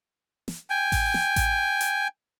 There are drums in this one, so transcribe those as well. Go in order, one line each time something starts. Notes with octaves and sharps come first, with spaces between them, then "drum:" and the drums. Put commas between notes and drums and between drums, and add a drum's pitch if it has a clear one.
drum: snare
G5 G#5
drum: kick A1, open hi-hat
drum: snare
drum: kick A1, hi-hat
drum: hi-hat